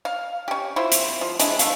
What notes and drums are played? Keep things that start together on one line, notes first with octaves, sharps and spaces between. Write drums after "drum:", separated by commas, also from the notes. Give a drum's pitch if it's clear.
F5
C#4 G4
E4 F4 C5
drum: hi-hat
F3
G#3 D4 E4, drum: hi-hat
D3 A3 F5, drum: hi-hat